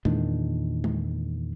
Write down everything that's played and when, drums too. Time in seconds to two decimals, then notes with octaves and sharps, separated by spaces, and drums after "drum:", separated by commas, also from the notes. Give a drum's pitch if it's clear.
0.05 E2 A#2 D#3 D4, drum: tom G#3
0.84 drum: tom G#3